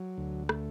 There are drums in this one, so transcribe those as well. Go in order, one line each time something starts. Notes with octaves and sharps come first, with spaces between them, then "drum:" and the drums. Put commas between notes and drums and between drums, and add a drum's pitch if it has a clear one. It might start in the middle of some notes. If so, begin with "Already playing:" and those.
Already playing: F#3
D2
A3, drum: rim click